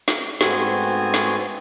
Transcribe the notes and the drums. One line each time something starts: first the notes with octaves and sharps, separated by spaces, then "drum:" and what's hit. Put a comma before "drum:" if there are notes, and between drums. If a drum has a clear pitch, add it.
drum: snare
G#2 A3 B3 C4 F#4 G#5, drum: snare
drum: snare